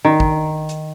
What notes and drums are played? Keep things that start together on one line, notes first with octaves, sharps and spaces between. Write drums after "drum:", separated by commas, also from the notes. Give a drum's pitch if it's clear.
D#3
drum: kick
drum: hi-hat